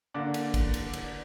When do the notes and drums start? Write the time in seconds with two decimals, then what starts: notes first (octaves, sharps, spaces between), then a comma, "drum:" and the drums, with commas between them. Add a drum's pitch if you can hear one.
0.14 D3 A#3 D4
0.34 drum: cymbal
0.54 drum: kick, cymbal
0.74 drum: cymbal
0.93 drum: cymbal